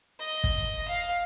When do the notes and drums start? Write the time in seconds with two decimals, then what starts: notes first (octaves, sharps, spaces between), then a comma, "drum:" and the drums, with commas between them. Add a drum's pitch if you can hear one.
0.19 D#5
0.44 drum: kick
0.88 F5